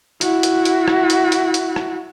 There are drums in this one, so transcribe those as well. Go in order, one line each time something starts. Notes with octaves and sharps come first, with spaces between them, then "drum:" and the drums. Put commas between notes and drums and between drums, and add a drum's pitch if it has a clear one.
E4 F#4, drum: hi-hat
drum: hi-hat
drum: hi-hat
drum: rim click
drum: hi-hat
drum: hi-hat
drum: hi-hat
drum: rim click